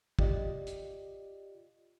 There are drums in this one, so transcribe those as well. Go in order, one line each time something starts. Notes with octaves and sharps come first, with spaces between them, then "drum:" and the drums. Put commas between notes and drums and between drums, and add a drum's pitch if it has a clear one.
F4 G4 D5 D#5, drum: kick
drum: hi-hat